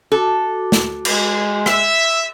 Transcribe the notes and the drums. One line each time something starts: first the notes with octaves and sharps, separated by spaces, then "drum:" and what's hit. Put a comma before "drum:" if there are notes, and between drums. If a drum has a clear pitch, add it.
F#4 A4 D6
drum: snare
G#3, drum: cymbal
E5, drum: rim click